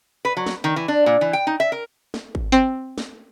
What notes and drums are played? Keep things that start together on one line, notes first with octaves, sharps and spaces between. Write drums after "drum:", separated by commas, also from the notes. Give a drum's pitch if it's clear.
B4
F#3
drum: snare
D#3
E3
D4
A#2
E3
G5
D#4
E5
A#4
drum: snare
drum: kick G#1
C4
drum: snare